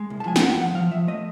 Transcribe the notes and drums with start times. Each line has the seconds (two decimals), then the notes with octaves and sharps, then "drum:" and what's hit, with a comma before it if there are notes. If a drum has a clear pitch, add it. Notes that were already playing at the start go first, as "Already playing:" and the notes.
Already playing: G#3
0.10 C2
0.20 A5
0.26 F3 G#5
0.36 G5, drum: snare
0.42 E2 F#5
0.58 F3 F#5
0.74 F3 F5
0.91 F3 E5
1.08 A3 D#5